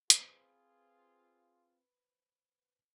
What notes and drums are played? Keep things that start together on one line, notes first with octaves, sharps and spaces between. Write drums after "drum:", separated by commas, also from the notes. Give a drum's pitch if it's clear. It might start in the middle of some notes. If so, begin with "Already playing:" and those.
C4 F4 G#4 B4 C5, drum: hi-hat